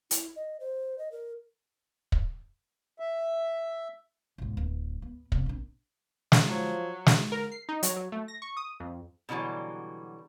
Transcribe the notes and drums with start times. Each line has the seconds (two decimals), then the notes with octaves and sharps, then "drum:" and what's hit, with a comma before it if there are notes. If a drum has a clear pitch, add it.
0.11 E4, drum: hi-hat
0.36 D#5
0.60 C5
0.98 D#5
1.12 A#4
2.12 drum: kick
3.00 E5
4.38 B1 G#2
4.57 D1
5.02 B3
5.32 F2 C3, drum: kick
5.46 A#1 C4
6.32 drum: snare
6.47 F3 F#3
7.06 drum: snare
7.32 A#4
7.52 C7
7.69 D#4
7.83 F#3, drum: hi-hat
7.96 F#3
8.12 A3
8.28 A#6
8.42 C#6
8.57 D#6
8.80 F2
9.29 B2 D3 E3 F#3 G3